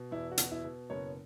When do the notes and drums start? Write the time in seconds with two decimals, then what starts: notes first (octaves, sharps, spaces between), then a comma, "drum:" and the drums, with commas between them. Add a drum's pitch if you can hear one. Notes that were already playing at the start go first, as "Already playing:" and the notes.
Already playing: B2
0.11 E2 E4
0.31 F#4
0.38 B2, drum: hi-hat
0.51 E4
0.64 B2
0.90 F#1 C#5